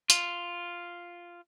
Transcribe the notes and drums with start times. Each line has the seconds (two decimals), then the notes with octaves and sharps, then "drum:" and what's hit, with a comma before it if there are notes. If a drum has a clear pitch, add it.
0.10 F4, drum: hi-hat